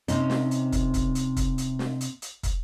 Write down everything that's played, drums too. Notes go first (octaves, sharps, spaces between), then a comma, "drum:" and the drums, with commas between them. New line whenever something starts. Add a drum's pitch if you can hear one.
C3 C4 C#4 D#4, drum: hi-hat
drum: snare
drum: hi-hat
drum: kick, hi-hat
drum: kick, hi-hat
drum: hi-hat
drum: kick, hi-hat
drum: hi-hat
drum: snare
drum: hi-hat
drum: hi-hat
drum: kick, hi-hat